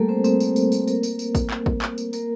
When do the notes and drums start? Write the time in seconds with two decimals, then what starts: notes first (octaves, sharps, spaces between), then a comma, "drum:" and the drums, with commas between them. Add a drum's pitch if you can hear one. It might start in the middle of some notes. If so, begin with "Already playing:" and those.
Already playing: G3 A3 A#3 G4 A4 A#4
0.09 C4 C5
0.24 C4 C5, drum: tambourine
0.40 drum: tambourine
0.56 drum: tambourine
0.72 drum: tambourine
0.87 A#3 A#4, drum: tambourine
1.03 drum: tambourine
1.19 drum: tambourine
1.35 drum: kick, tambourine
1.50 drum: clap
1.66 drum: kick
1.82 drum: clap
1.98 drum: tambourine
2.13 A#3 A#4, drum: tambourine